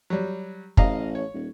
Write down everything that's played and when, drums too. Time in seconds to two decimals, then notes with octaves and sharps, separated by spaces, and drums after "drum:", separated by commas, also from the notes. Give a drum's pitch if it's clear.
0.10 F#3 G3
0.77 A1 D#5 F5 A#5, drum: kick
1.15 C#5
1.34 D#1